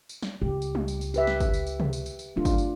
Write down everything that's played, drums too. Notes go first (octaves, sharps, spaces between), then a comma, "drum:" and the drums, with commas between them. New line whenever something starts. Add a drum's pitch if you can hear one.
drum: tambourine
drum: snare
C#2 G4
drum: tambourine
drum: tom G3
drum: tambourine
drum: tambourine
G4 B4 E5, drum: tambourine
drum: snare
drum: kick, tambourine
drum: tambourine
drum: tambourine
drum: tom C3
drum: tambourine
drum: tambourine
drum: tambourine
F3 F#3 A3 D4 F4
drum: kick, tambourine
drum: tambourine